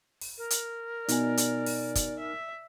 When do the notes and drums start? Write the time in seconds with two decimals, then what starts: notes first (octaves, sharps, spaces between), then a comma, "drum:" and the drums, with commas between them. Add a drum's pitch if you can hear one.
0.21 drum: open hi-hat
0.38 A#4
0.50 drum: hi-hat
1.08 B2 D#4 D5 G#5, drum: hi-hat
1.37 drum: hi-hat
1.66 drum: open hi-hat
1.95 drum: kick, hi-hat
2.20 E5